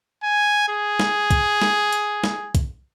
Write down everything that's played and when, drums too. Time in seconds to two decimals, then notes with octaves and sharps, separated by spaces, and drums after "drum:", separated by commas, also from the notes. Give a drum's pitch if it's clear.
0.23 G#5
0.69 G#4
1.00 drum: snare
1.31 drum: kick, hi-hat
1.62 drum: snare
1.93 drum: hi-hat
2.24 drum: snare
2.55 drum: kick, hi-hat